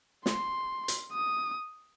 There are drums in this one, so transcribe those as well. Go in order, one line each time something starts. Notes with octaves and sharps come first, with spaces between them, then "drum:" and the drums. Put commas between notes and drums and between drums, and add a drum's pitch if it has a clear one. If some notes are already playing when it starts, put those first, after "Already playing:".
C6, drum: snare
drum: hi-hat
D#6